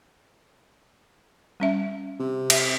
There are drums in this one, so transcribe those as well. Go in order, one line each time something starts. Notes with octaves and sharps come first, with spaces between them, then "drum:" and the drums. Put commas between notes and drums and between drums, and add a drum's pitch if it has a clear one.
G3 C#4 E5
C3
E5, drum: cymbal